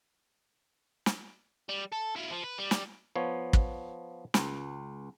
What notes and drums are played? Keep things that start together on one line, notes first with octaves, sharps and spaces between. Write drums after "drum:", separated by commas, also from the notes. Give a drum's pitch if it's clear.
drum: snare
G3
A4
E4 F4
F3
B4
G3
drum: snare
F3 B3 C#5
drum: kick
C#2, drum: snare